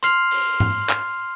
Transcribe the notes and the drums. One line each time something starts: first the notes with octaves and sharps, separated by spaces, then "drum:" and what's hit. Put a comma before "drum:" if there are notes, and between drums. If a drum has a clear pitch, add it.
C6 F6 C7 F7, drum: hi-hat
drum: open hi-hat
drum: tom G#2
drum: clap